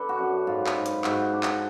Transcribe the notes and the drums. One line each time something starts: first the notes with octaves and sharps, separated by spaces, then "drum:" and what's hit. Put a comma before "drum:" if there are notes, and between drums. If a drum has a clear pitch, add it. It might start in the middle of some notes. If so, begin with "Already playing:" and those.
Already playing: D3 A4 B4
F#4
F#2
G#2 F4
drum: clap
G#2
drum: hi-hat
G#2 F#4, drum: clap
D4
drum: clap